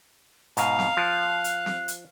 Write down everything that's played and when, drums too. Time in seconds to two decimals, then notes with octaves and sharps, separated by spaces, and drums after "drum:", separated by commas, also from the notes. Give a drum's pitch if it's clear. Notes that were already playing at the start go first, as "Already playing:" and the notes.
0.57 G#2 B2 F5 A#5, drum: hi-hat
0.79 drum: snare C4
0.97 F3 F#6
1.44 drum: hi-hat
1.66 drum: snare C4
1.88 drum: hi-hat